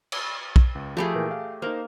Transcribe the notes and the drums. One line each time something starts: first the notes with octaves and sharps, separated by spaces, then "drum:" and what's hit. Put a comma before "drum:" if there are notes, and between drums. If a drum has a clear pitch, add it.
drum: cymbal
drum: kick B1
C#2
F3 A3 G4 G#4 B5
A#2 E3 A#4
F5
A#3 D#4 A#4 C5